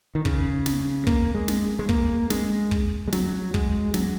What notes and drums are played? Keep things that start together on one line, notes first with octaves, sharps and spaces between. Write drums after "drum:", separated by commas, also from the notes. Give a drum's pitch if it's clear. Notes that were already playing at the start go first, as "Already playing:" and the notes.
D#3
C#3, drum: kick
drum: snare
A#3, drum: kick
G#3
drum: snare
G#3
A#3, drum: kick
G#3, drum: snare
drum: kick
G#3
F#3, drum: snare
G#3, drum: kick
F#3, drum: snare